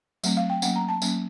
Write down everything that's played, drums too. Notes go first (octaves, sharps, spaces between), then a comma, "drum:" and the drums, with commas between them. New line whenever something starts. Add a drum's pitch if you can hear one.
F#3 A3 C4, drum: tambourine
F5
G5
F#3 A#3 C#4 F#5, drum: tambourine
A#5
A5
F#3 A#3 C#4, drum: tambourine